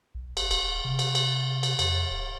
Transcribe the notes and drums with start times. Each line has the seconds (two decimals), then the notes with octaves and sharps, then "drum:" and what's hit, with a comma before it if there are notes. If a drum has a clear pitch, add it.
0.15 B1
0.37 F#1, drum: cymbal
0.51 D#1, drum: cymbal
0.85 C3
0.99 drum: cymbal
1.15 drum: cymbal
1.63 drum: cymbal
1.79 F2, drum: cymbal
2.10 D1